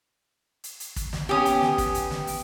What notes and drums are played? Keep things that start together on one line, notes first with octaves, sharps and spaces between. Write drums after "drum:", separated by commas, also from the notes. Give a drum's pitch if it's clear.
drum: hi-hat
drum: hi-hat
drum: kick, hi-hat
drum: snare
B3 C#4 G4 G5 D#6
drum: hi-hat
drum: snare
drum: kick, hi-hat
drum: hi-hat
drum: snare
drum: open hi-hat